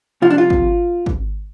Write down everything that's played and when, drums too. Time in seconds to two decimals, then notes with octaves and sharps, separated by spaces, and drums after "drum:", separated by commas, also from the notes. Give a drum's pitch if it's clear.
0.22 C2 C3 F3 F4
0.30 D4
0.38 F4
0.50 drum: kick
1.06 drum: kick